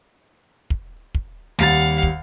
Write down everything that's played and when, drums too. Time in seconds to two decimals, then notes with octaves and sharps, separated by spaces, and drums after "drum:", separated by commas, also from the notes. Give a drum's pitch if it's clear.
0.70 drum: kick
1.15 drum: kick
1.59 D#2 G3 F5 F#5 A6, drum: snare
2.03 drum: kick